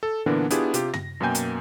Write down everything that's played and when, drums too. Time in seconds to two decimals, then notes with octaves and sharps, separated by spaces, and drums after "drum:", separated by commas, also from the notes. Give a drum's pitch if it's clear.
0.03 A4
0.26 A#2 D3 E3 B3 D4 A#4
0.50 B3 D4 E4 F4 G4 G#4, drum: hi-hat
0.74 C3 F4 G4, drum: hi-hat
0.94 A#6, drum: tom
1.20 F#2 B2 A#3 G5 G#5 G6
1.35 drum: hi-hat